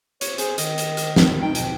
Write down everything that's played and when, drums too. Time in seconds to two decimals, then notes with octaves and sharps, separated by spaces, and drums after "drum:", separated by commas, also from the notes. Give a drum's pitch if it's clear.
0.21 C#5, drum: hi-hat
0.38 G#4 C5, drum: hi-hat
0.58 D#3 D#5, drum: hi-hat
0.78 drum: hi-hat
0.97 drum: hi-hat
1.16 drum: snare
1.42 D#4 G5
1.55 B2, drum: hi-hat